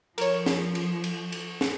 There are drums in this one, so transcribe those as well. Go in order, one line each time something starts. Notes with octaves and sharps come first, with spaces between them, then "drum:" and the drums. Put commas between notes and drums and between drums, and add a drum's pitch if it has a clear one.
F3 A#4 C#5, drum: cymbal
drum: snare
drum: cymbal
drum: cymbal
drum: cymbal
drum: snare